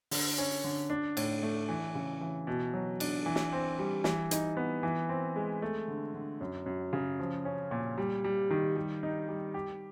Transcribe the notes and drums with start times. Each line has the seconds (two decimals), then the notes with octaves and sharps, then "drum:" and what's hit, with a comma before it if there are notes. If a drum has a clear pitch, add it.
0.11 D3, drum: open hi-hat
0.38 C#4
0.64 D3
0.90 D4
1.17 A2, drum: cymbal
1.43 A3
1.69 E3
1.95 C#3
2.21 E3
2.47 B2
2.73 F#3
3.00 D4, drum: cymbal
3.26 E3
3.36 drum: snare
3.53 C4
3.79 G3
4.04 E3, drum: snare
4.31 D#4, drum: hi-hat
4.57 B3
4.83 E3
5.09 C4
5.36 G#3
5.62 A3
5.88 D3
6.14 D3
6.41 F#2
6.66 F#2
6.93 C#3
7.19 F3
7.45 C#4
7.71 A#2
7.98 G3
8.24 G3
8.51 D#3
8.76 G3
9.03 D#4
9.29 G3
9.54 G4